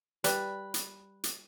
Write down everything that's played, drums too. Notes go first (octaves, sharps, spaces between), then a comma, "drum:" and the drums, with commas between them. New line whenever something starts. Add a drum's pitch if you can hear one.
G3 B4, drum: hi-hat
drum: hi-hat
drum: hi-hat